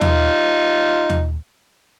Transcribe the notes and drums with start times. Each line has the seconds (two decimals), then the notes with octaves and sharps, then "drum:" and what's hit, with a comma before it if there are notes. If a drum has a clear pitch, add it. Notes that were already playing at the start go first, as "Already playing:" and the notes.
0.01 D#4 F4, drum: tom D#2
1.10 drum: tom D#2